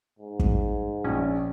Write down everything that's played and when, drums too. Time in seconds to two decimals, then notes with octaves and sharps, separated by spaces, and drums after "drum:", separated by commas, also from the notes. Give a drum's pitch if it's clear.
0.19 G#2
0.39 drum: kick
1.04 A#1 C#4